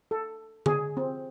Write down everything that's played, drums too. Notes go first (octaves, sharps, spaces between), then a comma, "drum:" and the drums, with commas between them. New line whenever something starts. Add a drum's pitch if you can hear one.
A4
G#4, drum: tom D3
C4